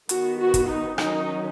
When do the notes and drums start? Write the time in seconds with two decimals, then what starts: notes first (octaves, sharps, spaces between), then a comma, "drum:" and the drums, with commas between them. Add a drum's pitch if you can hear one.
0.09 D#3 B3 F#4, drum: hi-hat
0.39 F#4
0.54 drum: kick, hi-hat
0.68 D#4
0.98 D#3 F#3 C#4 D#4, drum: rim click